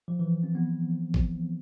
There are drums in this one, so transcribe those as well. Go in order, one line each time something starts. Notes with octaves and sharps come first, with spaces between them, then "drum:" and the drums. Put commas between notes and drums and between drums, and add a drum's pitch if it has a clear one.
F3
E3
C4
B3
drum: kick